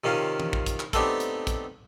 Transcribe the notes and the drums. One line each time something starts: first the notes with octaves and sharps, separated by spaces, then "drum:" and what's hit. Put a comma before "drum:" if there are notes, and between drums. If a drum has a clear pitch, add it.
C3 D#3 C#4 F4
drum: tom E3
drum: kick
drum: kick, hi-hat
drum: clap
A3 B3 C4 D4 D#4 G4, drum: kick, hi-hat
drum: hi-hat
drum: kick, hi-hat